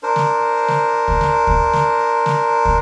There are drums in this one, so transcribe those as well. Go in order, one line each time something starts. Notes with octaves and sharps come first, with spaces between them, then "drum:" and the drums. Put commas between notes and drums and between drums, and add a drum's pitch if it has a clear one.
D4 A#4 C5
drum: snare
drum: snare
drum: kick
drum: snare
drum: kick
drum: snare
drum: snare
drum: kick